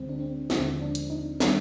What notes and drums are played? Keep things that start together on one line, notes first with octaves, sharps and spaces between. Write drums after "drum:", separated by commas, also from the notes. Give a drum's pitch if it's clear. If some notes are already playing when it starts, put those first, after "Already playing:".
Already playing: D2 D3 G#3 C4
D4
C4
D#2 D3 F3 G#3 C4, drum: snare
D4
drum: hi-hat
D#4
D#3 G3 D4, drum: snare